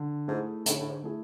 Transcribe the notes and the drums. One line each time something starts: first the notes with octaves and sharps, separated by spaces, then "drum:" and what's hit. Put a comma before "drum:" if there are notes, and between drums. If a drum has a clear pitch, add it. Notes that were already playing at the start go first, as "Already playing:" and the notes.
Already playing: D3
G#2 A3 E4 G#4
A2 D3, drum: hi-hat
A2
G#2
A3 E4 G#4